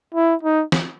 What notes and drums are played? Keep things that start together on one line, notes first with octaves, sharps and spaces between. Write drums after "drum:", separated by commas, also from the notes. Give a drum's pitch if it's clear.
E4
D#4
drum: snare